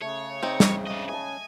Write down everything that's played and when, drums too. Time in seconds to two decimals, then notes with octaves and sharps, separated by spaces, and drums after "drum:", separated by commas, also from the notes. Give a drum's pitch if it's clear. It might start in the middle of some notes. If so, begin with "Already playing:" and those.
0.01 C#3 A3 C#5
0.43 C4 D#4
0.60 drum: snare
0.87 D4 D#5
1.09 D#5 G#5 A5